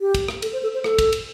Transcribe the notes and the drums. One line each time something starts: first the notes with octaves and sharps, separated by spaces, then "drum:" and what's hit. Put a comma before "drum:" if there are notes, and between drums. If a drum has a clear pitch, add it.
G4
drum: kick, cymbal
drum: rim click
A4, drum: cymbal
C5
A4
C5
A4, drum: rim click
drum: kick, cymbal
drum: cymbal